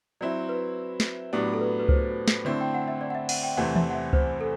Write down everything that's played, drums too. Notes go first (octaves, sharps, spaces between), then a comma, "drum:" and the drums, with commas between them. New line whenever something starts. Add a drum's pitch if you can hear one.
F#3 C4 E4 D5
B4
drum: snare
A2 F#3 B3 D4 G4
A4
B4
B4
C5, drum: kick C#2
drum: snare
D3 A3 C4 E4
G5
F#5
E5
D5
F#5
E5
F#5, drum: cymbal
G5
E2 C3 E3 A3 C4 F#5
E5, drum: tom E3
F#5
E5
C5, drum: kick C#2
A4